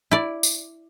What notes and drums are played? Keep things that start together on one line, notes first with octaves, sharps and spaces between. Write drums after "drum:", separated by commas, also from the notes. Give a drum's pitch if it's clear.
E4 D5
drum: tambourine